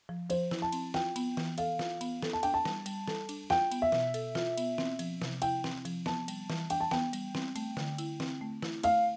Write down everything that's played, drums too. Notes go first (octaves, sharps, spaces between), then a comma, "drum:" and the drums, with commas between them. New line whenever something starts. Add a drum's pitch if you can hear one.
F3
F3 C5, drum: cymbal
E4, drum: snare
A5
C4, drum: cymbal
F4 G5, drum: snare
B3, drum: cymbal
E3, drum: snare
A4 F5, drum: cymbal
F4, drum: snare
B3, drum: cymbal
A4, drum: snare
A5
D4 G5, drum: cymbal
A5
G3, drum: snare
G3, drum: cymbal
A4, drum: snare
D4, drum: cymbal
F4 G5, drum: snare
B3, drum: cymbal
E5
B2, drum: snare
A4, drum: cymbal
F4, drum: snare
B3, drum: cymbal
C4, drum: snare
F3, drum: cymbal
C3, drum: snare
E4 G5, drum: cymbal
C4, drum: snare
F3, drum: cymbal
B3 A5, drum: snare
G3, drum: cymbal
E3, drum: snare
D4 G5, drum: cymbal
A5
B3 G5, drum: snare
G3, drum: cymbal
C4, drum: snare
A3, drum: cymbal
D3, drum: snare
E4, drum: cymbal
C4, drum: snare
A3
E4, drum: snare
A3 F5, drum: cymbal